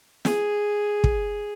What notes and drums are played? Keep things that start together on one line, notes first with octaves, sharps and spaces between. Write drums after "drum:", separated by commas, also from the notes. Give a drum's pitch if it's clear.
G#4, drum: snare
drum: kick